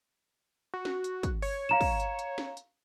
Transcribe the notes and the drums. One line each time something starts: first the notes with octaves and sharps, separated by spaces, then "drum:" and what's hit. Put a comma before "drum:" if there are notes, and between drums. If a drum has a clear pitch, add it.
F#4
drum: snare
drum: hi-hat
drum: kick, hi-hat
C#5, drum: open hi-hat
F5 A#5 E7
drum: kick, open hi-hat
drum: hi-hat
drum: hi-hat
drum: snare
drum: hi-hat